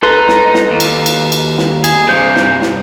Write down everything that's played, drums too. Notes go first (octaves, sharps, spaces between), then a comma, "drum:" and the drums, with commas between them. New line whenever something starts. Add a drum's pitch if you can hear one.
D#4 A4 B4 C6
drum: snare
drum: snare
D#2
drum: cymbal
drum: cymbal
drum: cymbal
drum: snare
G#4, drum: cymbal
G2 C3 C5 G6
drum: snare
drum: snare